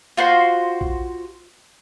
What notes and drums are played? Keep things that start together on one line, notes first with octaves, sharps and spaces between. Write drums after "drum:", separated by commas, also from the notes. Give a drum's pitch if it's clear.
F4 F#4 C5 C6
drum: kick A#1